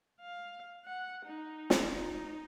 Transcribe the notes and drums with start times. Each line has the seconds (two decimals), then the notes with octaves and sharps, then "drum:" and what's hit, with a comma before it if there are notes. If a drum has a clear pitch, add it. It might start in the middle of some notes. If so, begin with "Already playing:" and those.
0.20 F5
0.85 F#5
1.25 D#4
1.70 drum: snare
1.91 D#4